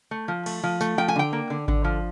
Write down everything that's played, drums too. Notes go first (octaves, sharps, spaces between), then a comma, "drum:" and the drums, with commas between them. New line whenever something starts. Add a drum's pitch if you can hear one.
A3
F3
A3, drum: cymbal
F3
A3, drum: tambourine
F3 G5
G#5
D3 G5
A#3
D3
D3, drum: kick G#1
F3